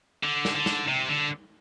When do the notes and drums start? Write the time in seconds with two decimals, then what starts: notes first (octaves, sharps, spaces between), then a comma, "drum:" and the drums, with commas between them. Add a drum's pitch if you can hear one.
0.24 D3
0.45 drum: snare
0.55 D3
0.66 drum: snare
0.88 C3
1.08 D3